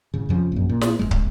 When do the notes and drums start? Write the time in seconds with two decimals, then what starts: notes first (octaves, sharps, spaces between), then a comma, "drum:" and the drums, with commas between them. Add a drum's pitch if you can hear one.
0.14 A1 C#3
0.29 F2 C#3 F3
0.52 A#1 F#2
0.69 A#2
0.81 drum: snare
0.99 D#1 E2 G#3
1.11 drum: kick